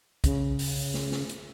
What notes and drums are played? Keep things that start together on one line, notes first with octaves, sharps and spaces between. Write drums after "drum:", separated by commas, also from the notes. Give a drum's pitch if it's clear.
C#3, drum: kick, hi-hat
drum: open hi-hat
drum: snare
drum: snare
drum: hi-hat